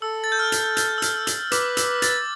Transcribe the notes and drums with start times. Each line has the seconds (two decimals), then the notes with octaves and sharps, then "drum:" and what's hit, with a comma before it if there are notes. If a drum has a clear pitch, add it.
0.02 A4 E6
0.24 A6
0.32 G6
0.39 F6
0.52 drum: hi-hat
0.77 G6, drum: hi-hat
0.98 E6
1.02 F6, drum: hi-hat
1.27 E6, drum: hi-hat
1.52 B4 D6, drum: hi-hat
1.77 E6, drum: hi-hat
2.02 A6, drum: hi-hat